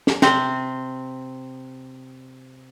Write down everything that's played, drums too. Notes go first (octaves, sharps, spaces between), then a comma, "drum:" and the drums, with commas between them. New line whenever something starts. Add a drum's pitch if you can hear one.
drum: snare
C3 C4, drum: snare